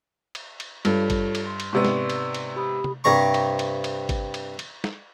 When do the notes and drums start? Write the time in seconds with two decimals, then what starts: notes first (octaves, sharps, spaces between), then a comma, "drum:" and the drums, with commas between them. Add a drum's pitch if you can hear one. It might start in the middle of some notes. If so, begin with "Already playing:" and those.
0.35 drum: cymbal
0.60 drum: cymbal
0.85 G2 F4 A4 C#5, drum: cymbal
1.10 drum: kick G#1, cymbal
1.35 drum: cymbal
1.47 C6
1.60 drum: cymbal
1.73 G#2 C3 B3 D5 C6 C#6
1.85 drum: snare
2.10 drum: cymbal
2.34 drum: cymbal
2.56 G4 B5 D#6
2.84 drum: tom C3
3.04 G2 C3 A#5 C#6
3.34 drum: cymbal
3.59 drum: cymbal
3.84 drum: cymbal
4.09 drum: kick G#1, cymbal
4.34 drum: cymbal
4.59 drum: cymbal
4.84 drum: snare